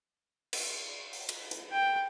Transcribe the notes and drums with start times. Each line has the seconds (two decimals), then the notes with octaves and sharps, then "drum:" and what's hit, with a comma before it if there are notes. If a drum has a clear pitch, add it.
0.53 drum: cymbal
1.13 drum: open hi-hat
1.29 drum: cymbal
1.51 drum: hi-hat
1.72 G5